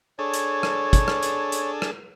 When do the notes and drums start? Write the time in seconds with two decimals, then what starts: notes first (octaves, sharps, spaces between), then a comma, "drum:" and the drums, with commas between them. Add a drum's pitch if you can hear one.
0.19 D4 G#4 A4 C#5
0.34 drum: hi-hat
0.63 drum: rim click
0.93 drum: kick, hi-hat
1.08 drum: rim click
1.23 drum: hi-hat
1.52 drum: hi-hat
1.82 drum: rim click